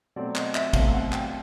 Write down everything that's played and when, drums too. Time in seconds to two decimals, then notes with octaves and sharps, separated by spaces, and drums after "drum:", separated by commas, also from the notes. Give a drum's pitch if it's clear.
0.16 B2 F#3 A3 C4 D5
0.36 D#5, drum: clap
0.55 E5, drum: clap
0.73 B2 F#3 A3 C4 F5, drum: kick, cymbal
0.94 F#5
1.12 G5, drum: clap